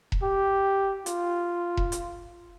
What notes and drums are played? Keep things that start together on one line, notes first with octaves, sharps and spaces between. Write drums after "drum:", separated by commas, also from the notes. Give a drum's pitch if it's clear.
drum: kick E1
G4
F4, drum: hi-hat
drum: kick E1
drum: hi-hat